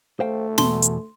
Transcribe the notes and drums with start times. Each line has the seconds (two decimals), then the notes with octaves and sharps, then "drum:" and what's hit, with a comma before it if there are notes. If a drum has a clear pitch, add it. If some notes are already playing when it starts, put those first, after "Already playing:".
0.20 A3 C5 F5 G5
0.58 E2 B2 A5 C6, drum: snare
0.82 drum: hi-hat